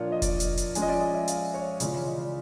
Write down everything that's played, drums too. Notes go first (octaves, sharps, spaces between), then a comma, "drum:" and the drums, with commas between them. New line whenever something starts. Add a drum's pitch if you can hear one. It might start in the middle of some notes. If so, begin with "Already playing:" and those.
Already playing: A#2 F3 A#3 D4 F4 C#5
D#5
D5, drum: kick F1, hi-hat
drum: hi-hat
drum: hi-hat
F3 G#3 C#4 G#5, drum: hi-hat
D#5
D5
D#5
E5
F5, drum: hi-hat
C#5
C#3 E3 G#3 C#4 F4 D5, drum: hi-hat
D5
D#5
D5